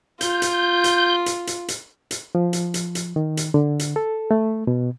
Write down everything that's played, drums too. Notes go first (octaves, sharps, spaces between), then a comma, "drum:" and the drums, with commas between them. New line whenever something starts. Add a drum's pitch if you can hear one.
F4 G6, drum: hi-hat
drum: hi-hat
drum: hi-hat
drum: hi-hat
drum: hi-hat
drum: hi-hat
drum: hi-hat
F3
drum: hi-hat
drum: hi-hat
drum: hi-hat
D#3
drum: hi-hat
D3
drum: hi-hat
A4
A3
B2